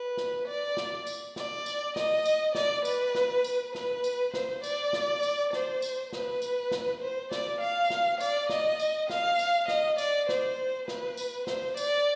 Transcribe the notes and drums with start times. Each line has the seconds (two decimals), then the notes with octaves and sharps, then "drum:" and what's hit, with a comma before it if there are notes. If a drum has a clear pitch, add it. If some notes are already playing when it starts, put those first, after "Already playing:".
Already playing: B4
0.17 drum: snare
0.48 D5
0.77 drum: snare
1.07 drum: tambourine
1.36 D5, drum: snare
1.66 drum: tambourine
1.96 D#5, drum: snare
2.26 drum: tambourine
2.55 D5, drum: snare
2.85 B4, drum: tambourine
3.15 drum: snare
3.44 drum: tambourine
3.75 B4, drum: snare
4.04 drum: tambourine
4.34 C5, drum: snare
4.64 D5, drum: tambourine
4.93 drum: snare
5.23 drum: tambourine
5.53 C5, drum: snare
5.82 drum: tambourine
6.13 B4, drum: snare
6.42 drum: tambourine
6.71 drum: snare
7.01 C5
7.32 D5, drum: snare
7.60 F5
7.90 drum: snare
8.21 D5, drum: tambourine
8.49 D#5, drum: snare
8.80 drum: tambourine
9.10 F5, drum: snare
9.39 drum: tambourine
9.68 D#5, drum: snare
9.98 D5, drum: tambourine
10.29 C5, drum: snare
10.88 B4, drum: snare
11.17 drum: tambourine
11.47 C5, drum: snare
11.77 D5, drum: tambourine